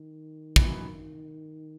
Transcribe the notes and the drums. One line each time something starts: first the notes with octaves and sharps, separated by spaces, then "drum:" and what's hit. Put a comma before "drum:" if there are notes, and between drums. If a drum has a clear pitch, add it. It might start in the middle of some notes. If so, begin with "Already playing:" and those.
Already playing: D#3
F#2 E3 B3 D#4, drum: kick